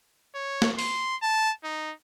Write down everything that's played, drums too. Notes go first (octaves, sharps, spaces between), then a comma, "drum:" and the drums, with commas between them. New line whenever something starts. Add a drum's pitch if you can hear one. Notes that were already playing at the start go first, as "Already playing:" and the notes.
C#5
drum: snare
C6, drum: open hi-hat
A5
D#4